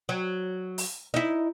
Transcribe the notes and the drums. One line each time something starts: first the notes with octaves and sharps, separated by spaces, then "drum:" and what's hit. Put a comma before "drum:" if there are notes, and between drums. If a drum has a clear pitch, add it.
F#3
drum: open hi-hat
D#4 E4